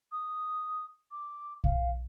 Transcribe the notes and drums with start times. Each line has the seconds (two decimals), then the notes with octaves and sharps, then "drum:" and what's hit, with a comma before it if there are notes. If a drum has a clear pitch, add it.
0.12 D#6
1.11 D6
1.64 F5, drum: kick